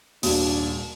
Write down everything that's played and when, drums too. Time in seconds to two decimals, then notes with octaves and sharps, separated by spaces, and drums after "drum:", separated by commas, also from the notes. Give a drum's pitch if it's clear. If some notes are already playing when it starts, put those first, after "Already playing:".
0.23 D#2 A#2 G3 D4 F#4 G#4, drum: open hi-hat